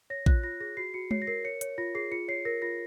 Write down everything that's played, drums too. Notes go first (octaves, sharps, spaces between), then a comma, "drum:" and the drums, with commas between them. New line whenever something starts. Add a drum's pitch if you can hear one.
C#5 A#6
F4 F#6, drum: kick A#1
F4 A#6
G#4 A#6
F#4 C7
F#4 C#7
C#5 C7, drum: tom G#3
A#6
A#4 C7
C#5 C#7
C#5, drum: hi-hat
F4 A#6
G#4 C7
F4 C#7
C#5 C7
A#4 A#6
F4 A#6